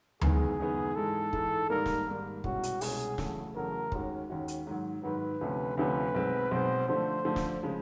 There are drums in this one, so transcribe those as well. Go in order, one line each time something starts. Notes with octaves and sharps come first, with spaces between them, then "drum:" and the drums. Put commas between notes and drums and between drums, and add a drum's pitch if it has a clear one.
F#1 F#2 D#3 G#3 B3 G#4, drum: tom D2
F#1 F#2 D#3 G#3 B3
G#2 E3 G#3 A4
G#2 E3 G#3, drum: kick
G#2 D#3 G3 A#3 A#4
drum: snare
G#2 D#3 G3 A#3
C2 B2 G#3 C#4 F#4, drum: kick
drum: hi-hat
C2 B2 G#3 C#4 G#4, drum: open hi-hat
E2 C#3 F#3 A3, drum: snare
E2 C#3 F#3 A3 A#4
D#2 D#3 G#3 C#4 F#4, drum: kick
D#2 D#3 G#3 C#4 F#4
drum: hi-hat
G#2 D#3 F#3
G#2 D#3 F#3 B4
D2 C3 F3 A3 C#4
D2 C3 F3 A3 C#4 B4
B1 B2 G#3 C4
B1 B2 G#3 C4 C5
D3 F3 A3 C5
D3 F3 A3
drum: snare
C#3 F3 G#3